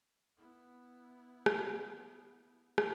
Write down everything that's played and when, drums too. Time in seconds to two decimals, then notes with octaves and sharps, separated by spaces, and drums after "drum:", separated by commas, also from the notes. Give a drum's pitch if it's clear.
0.37 B3 E4
1.46 drum: rim click
2.78 drum: rim click